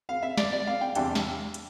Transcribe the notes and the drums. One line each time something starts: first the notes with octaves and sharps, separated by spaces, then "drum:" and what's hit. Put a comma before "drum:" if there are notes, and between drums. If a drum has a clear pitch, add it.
F5
E5
D5, drum: snare
D5
F5
G5
E2 C3 G3 D4 G5, drum: hi-hat
drum: snare
drum: hi-hat